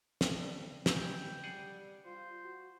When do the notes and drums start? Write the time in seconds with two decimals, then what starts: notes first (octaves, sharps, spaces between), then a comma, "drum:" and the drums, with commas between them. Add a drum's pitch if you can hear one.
0.21 C2 G2 G#5, drum: snare
0.86 G#2 E3 E4 G5, drum: snare
1.44 G3 D4 G#4 F#5
2.05 F4 C5
2.44 F#4